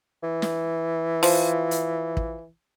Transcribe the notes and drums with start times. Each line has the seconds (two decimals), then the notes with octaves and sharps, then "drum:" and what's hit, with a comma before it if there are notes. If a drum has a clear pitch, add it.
0.24 E3
0.42 drum: snare
1.23 F3, drum: open hi-hat
1.71 drum: hi-hat
2.17 drum: kick